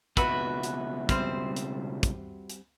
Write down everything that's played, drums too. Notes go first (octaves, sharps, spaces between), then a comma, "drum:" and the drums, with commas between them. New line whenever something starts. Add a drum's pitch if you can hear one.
C#2 B2 F#4 B4 E5, drum: kick, hi-hat
drum: hi-hat
G3 C4 C5, drum: kick, hi-hat
drum: hi-hat
drum: kick, hi-hat
drum: hi-hat